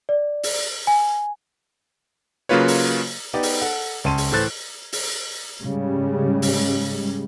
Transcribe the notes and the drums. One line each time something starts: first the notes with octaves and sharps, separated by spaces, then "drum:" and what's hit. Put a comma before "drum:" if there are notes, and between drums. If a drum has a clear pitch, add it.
D5
drum: open hi-hat
G#5
C#3 F#3 A#3 F4 B4 C#5
drum: open hi-hat
B3 D#4 G4 D5
drum: open hi-hat
A4 F#5
C#2 C#4 A5 C6 D#7
drum: open hi-hat
A2 E3 A4 C5 F#6 A6
drum: open hi-hat
G#2 C#3 G3 G#3
drum: open hi-hat